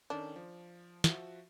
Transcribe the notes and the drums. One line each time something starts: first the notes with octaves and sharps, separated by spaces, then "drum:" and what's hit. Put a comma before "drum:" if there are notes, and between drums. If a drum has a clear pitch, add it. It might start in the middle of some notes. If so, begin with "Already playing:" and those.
D#3 C#4 D4 A4
F3
F3 F#4 E5, drum: snare